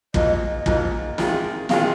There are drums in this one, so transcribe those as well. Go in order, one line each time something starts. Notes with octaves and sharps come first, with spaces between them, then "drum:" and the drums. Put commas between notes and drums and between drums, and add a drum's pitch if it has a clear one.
G#2 F3 A#3 D#5, drum: kick
G#2 F3 A#3, drum: kick
C3 D#3 G#3 F4 G#4, drum: snare
C3 D#3 G#3 F4 G#4 F5, drum: snare